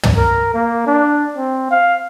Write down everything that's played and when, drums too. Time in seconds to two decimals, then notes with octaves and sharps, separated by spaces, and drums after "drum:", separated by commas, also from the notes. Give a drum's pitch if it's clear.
0.03 drum: tom
0.17 A#4
0.54 A#3
0.87 D4
1.37 C4
1.71 F5